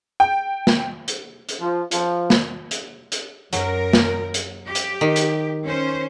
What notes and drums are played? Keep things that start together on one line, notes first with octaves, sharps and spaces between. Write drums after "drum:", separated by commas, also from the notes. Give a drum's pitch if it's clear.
G5
drum: snare
drum: hi-hat
drum: hi-hat
F3
F3, drum: hi-hat
drum: snare
drum: hi-hat
drum: hi-hat
F#2 F#3 A#4, drum: hi-hat
drum: snare
drum: hi-hat
G4
drum: hi-hat
D#3
drum: hi-hat
C#4 C5